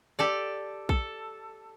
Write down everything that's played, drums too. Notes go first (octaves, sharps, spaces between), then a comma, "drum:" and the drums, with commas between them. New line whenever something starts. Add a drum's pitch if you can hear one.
G4 A4 D5
A4, drum: kick A#1